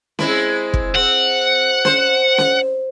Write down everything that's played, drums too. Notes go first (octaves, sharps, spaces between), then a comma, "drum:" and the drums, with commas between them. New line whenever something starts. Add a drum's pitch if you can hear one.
G#3 C4 E4, drum: snare C#4
drum: kick
C4 F#5
C5, drum: snare C#4
drum: snare C#4